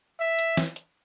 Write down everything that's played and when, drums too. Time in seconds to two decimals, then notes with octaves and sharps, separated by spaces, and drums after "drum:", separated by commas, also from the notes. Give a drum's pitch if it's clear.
0.20 E5
0.39 drum: hi-hat
0.57 drum: snare
0.76 drum: hi-hat